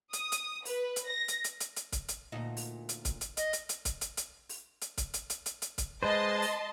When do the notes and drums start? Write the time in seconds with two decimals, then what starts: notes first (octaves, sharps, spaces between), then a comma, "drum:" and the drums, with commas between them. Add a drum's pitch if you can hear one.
0.13 D#6, drum: hi-hat
0.32 drum: hi-hat
0.65 B4, drum: open hi-hat
0.96 drum: hi-hat
1.09 A#6
1.28 drum: hi-hat
1.44 drum: hi-hat
1.60 drum: hi-hat
1.76 drum: hi-hat
1.92 drum: kick, hi-hat
2.08 drum: hi-hat
2.32 D2 A#2 D#4
2.57 drum: open hi-hat
2.89 drum: hi-hat
3.05 drum: kick, hi-hat
3.21 drum: hi-hat
3.37 D#5, drum: hi-hat
3.53 drum: hi-hat
3.69 drum: hi-hat
3.85 drum: kick, hi-hat
4.01 drum: hi-hat
4.17 drum: hi-hat
4.49 drum: open hi-hat
4.81 drum: hi-hat
4.98 drum: kick, hi-hat
5.14 drum: hi-hat
5.30 drum: hi-hat
5.46 drum: hi-hat
5.62 drum: hi-hat
5.78 drum: kick, hi-hat
6.03 G#3 B4 C5 D#5 A5 C6
6.42 drum: open hi-hat